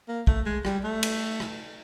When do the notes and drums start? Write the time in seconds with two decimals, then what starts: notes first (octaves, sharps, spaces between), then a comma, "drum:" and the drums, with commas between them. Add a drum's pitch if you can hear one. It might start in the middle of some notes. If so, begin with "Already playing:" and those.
0.09 A#3
0.27 A3, drum: kick
0.46 G#3
0.65 G3, drum: rim click
0.84 A3
1.03 drum: cymbal
1.40 drum: rim click